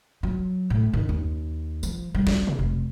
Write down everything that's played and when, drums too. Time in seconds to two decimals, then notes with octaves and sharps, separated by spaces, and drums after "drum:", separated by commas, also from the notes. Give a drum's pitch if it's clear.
0.23 F#3
0.70 A2
0.94 D#3, drum: tom F#2
1.09 D#2
1.83 F3, drum: tambourine
2.15 G3
2.27 D4, drum: snare
2.47 drum: tom B2
2.59 F1